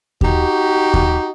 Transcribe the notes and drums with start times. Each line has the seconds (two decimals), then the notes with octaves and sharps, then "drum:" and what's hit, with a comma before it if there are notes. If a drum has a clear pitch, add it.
0.21 D#4 F#4 G4, drum: kick D#2
0.94 drum: kick D#2